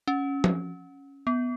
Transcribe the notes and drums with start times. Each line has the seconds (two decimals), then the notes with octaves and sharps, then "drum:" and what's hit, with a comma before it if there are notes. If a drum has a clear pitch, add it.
0.07 C#4
0.44 drum: tom F3
1.27 B3